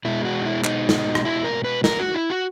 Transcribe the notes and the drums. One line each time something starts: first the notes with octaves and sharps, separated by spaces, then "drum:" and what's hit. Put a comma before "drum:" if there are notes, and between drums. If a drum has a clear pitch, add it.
B2 G#3 E4
F#4
D#4
E4
D#4, drum: clap
drum: snare
drum: rim click
E4
A#4
B4
A#4, drum: snare
F#4
E4
F#4